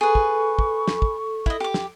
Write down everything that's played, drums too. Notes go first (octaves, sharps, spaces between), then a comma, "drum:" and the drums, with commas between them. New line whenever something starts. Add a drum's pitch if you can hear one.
G#4 A4 B4 C#6
drum: kick
drum: kick
drum: snare
drum: kick
E4 D#5, drum: kick
G4 D6
drum: snare